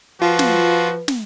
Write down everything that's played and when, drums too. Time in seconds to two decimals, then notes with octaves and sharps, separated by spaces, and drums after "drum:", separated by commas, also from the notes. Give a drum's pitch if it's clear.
0.22 F3 F4 F#4 B4
0.39 drum: snare
1.08 drum: snare